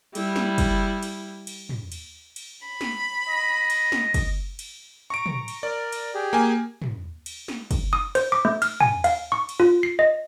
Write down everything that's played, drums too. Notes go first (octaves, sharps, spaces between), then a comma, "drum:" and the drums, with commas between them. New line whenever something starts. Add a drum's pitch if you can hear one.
G3 E4, drum: cymbal
drum: snare
drum: kick, cymbal
drum: cymbal
drum: cymbal
drum: tom
drum: cymbal
drum: cymbal
B5
drum: snare
D#5
drum: cymbal
drum: snare
drum: kick, cymbal
drum: cymbal
A#5 C#6 D7
drum: tom
drum: cymbal
A#4 D5
drum: cymbal
G4 G#4
A#3 G#5
drum: tom
drum: cymbal
drum: snare
drum: kick, cymbal
D#6
C5, drum: cymbal
D6
A3
F6, drum: cymbal
G#5, drum: tom
F5, drum: cymbal
C#6
drum: cymbal
F4
C7
D#5